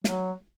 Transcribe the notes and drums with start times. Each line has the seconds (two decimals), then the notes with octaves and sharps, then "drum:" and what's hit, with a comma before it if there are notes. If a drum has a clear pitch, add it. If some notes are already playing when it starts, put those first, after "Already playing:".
0.04 F#3, drum: snare